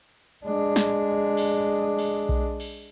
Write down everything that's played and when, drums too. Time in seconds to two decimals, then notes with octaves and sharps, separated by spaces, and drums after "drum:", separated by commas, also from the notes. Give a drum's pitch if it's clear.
0.45 G#3 D4
0.76 drum: snare
1.37 drum: cymbal
1.99 drum: cymbal
2.29 drum: kick B1
2.60 drum: cymbal